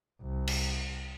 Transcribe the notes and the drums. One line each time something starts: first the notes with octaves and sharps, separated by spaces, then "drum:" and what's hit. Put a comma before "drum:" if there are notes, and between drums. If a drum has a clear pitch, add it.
C2
drum: cymbal